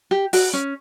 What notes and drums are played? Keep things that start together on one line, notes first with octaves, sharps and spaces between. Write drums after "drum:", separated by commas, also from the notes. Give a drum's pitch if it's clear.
G4
F#4, drum: open hi-hat
C#4